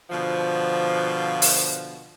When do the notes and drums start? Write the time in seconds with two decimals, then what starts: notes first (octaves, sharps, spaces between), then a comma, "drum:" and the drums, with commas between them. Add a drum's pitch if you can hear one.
0.10 B2 D3 F3
1.42 drum: open hi-hat